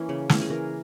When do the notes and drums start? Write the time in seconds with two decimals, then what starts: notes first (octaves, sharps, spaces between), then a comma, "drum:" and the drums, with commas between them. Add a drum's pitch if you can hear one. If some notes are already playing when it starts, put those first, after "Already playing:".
Already playing: E3 A#3 C#4
0.09 C#3
0.29 E3 A#3 C#4, drum: snare
0.42 G#4
0.50 E3 A#4